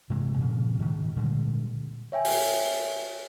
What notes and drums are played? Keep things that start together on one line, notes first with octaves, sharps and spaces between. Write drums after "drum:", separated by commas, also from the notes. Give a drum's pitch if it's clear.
G2 C3 E3 G#3
A#2 C#3 F3
D2 G#2 D#3
A#2 D3 G3 G#3
C#5 E5 G5 G#5
drum: open hi-hat